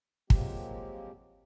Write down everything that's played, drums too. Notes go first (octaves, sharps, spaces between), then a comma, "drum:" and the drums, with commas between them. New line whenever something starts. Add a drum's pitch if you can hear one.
F3 F#3 G#3 A#3 C4 G4, drum: kick